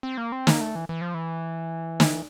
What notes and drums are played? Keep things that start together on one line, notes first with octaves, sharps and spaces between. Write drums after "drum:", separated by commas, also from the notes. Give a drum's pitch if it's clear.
C4
A#3
C4
A#3, drum: snare
A3
E3
E3
F3
E3
drum: snare